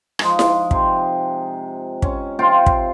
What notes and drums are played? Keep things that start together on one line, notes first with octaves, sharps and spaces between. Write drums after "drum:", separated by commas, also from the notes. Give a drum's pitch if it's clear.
F3 G#3 D#4, drum: rim click
drum: snare E4
C3, drum: kick
C#4, drum: kick
C3 F4 F5 G5
drum: kick